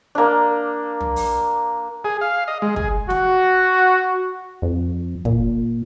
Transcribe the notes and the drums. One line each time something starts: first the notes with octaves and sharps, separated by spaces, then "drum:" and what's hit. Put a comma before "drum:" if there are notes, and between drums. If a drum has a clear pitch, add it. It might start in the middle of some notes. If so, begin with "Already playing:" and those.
A#3 D4
drum: tom
drum: open hi-hat
G#4
F5
D#5
G#3
G#4, drum: kick
F#4, drum: snare
F2
A#2, drum: kick